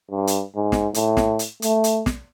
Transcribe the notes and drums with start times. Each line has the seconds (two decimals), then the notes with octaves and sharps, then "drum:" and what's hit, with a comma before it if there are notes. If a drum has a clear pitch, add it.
0.11 G2
0.27 drum: hi-hat
0.55 G#2
0.72 drum: snare
0.94 A2, drum: hi-hat
1.17 drum: snare
1.39 drum: hi-hat
1.62 A3, drum: hi-hat
1.84 drum: hi-hat
2.06 drum: snare